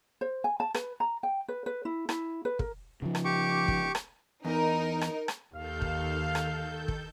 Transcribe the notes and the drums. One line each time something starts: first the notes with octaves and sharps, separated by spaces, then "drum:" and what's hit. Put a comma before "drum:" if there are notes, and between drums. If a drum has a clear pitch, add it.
C5
G#5
A5
B4, drum: rim click
A#5
G5
B4
B4
E4
E4, drum: rim click
B4
A#4, drum: kick
C#3 F3
drum: rim click
G4 C#6 D6
drum: kick
drum: rim click
E2 D#4 A#4
drum: rim click
drum: rim click
D#2 D#3 A4 F5 G6
drum: kick
drum: rim click
drum: kick